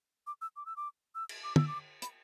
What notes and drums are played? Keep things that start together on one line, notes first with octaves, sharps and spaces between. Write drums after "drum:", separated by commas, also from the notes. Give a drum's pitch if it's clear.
D6
E6
D6
E6
D6
E6
drum: cymbal
D6
E6, drum: tom
D6
B5, drum: hi-hat